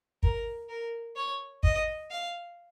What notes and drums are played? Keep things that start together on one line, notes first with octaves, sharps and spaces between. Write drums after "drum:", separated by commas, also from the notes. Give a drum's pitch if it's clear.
A#4, drum: kick
A#4
C#5
D#5, drum: kick
F5